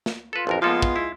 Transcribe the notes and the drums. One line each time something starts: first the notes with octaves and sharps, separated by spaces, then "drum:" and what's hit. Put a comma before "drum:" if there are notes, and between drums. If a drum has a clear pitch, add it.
drum: snare
F4 A4 B4
A1 F2 A#4
F3 G#3 A#3 B3 F4 A4
drum: kick
E4